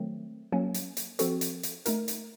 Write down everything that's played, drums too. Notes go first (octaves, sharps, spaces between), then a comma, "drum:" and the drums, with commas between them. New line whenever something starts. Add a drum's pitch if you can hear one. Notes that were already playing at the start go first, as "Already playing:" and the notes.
Already playing: D#3 F#3 A3 C4
F#3 A#3 C#4
drum: hi-hat
drum: hi-hat
F3 C4 F#4 A4, drum: hi-hat
drum: hi-hat
drum: hi-hat
A3 D#4 A#4, drum: hi-hat
drum: hi-hat